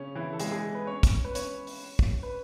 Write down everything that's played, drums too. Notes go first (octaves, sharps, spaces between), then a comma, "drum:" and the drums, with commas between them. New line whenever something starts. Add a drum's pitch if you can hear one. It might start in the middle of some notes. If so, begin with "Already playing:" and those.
Already playing: C#3 C#4
E3 E4
A4
G#3 G#4, drum: hi-hat
G#3 G#4
B3 B4
C#4 C#5
drum: kick, hi-hat
B4
C#4 C#5, drum: hi-hat
drum: open hi-hat
drum: kick
B4